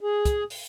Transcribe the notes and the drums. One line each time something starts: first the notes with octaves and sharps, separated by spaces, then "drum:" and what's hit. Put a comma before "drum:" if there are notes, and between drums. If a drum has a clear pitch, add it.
G#4
drum: kick, hi-hat
drum: open hi-hat